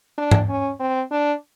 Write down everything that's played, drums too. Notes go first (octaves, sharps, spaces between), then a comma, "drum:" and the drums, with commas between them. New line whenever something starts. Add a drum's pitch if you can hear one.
D4
drum: tom G#2
C#4
C4
D4